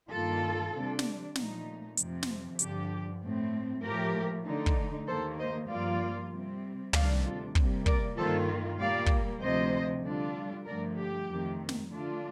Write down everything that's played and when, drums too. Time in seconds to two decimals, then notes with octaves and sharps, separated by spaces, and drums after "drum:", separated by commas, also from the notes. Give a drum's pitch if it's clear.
0.11 G2 D#3 A#3 F4 A4
0.73 C3 G3 D4
0.99 drum: snare
1.35 A#2 F3 A3 D#4, drum: snare
1.97 F2 C3 F3 C4, drum: hi-hat
2.23 drum: snare
2.59 G2 D3 F3 G4, drum: hi-hat
3.22 A2 A3 C4
3.83 A2 F3 A3 G4 A#4
4.46 D3 A3 D#4
4.66 drum: kick
5.07 D#2 D#3 A#3 A4 C5
5.39 C5 D#5
5.69 G2 F3 A#3 F4 D5 F5
6.31 C3 G3 C4
6.93 D2 C3 D#3 G3 D4 D5 F5, drum: tom
7.24 F4 A4
7.55 C3 G3 A#3, drum: kick
7.86 A#4 D5, drum: kick
8.17 G2 D#3 A#3 F4 A4 C5
8.79 A#2 G3 A#3 D5 F5
9.06 drum: kick
9.41 D2 C3 F3 C5 D#5
10.03 D3 G3 D4 F4
10.65 G2 D3 F3 A3 A#4 D5
10.96 G4
11.27 F2 C3 D#3 A3
11.69 drum: snare
11.89 D3 A3 D4 F4